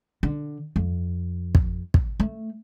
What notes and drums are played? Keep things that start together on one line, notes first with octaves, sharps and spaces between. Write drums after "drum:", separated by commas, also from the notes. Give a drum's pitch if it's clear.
D3
F2
drum: kick
drum: kick
A3